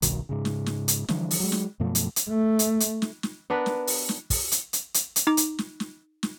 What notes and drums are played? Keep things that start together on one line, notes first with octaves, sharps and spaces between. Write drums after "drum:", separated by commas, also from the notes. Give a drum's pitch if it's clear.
G1 C2 B2 D#3, drum: hi-hat
G#2 C#3
drum: snare
drum: snare
drum: hi-hat
D3 E3 F3 G3, drum: snare
drum: open hi-hat
F#3 G#3
drum: snare
F#2 B2 F3 A3
drum: hi-hat
drum: hi-hat
A3
drum: hi-hat
drum: hi-hat
drum: snare
drum: snare
B3 D4 A#4 B4
drum: snare
drum: open hi-hat
drum: snare
drum: kick, open hi-hat
drum: hi-hat
drum: hi-hat
drum: hi-hat
drum: hi-hat
D#4 A#5 D6
drum: hi-hat
drum: snare
drum: snare
drum: snare